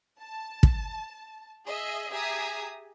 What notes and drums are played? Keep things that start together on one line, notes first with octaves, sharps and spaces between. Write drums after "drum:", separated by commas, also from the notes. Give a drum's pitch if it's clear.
A5
drum: kick
G#4 D#5 E5
G4 G#4 E5 G#5 A#5 D#6